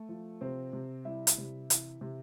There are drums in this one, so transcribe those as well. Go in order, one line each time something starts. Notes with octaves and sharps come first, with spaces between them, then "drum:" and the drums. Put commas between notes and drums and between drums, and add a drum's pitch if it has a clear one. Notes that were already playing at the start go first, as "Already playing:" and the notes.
Already playing: A3 A4
F3
C3 C4 C5
C3
G3 E4 E5
drum: hi-hat
C3
E3, drum: hi-hat
C3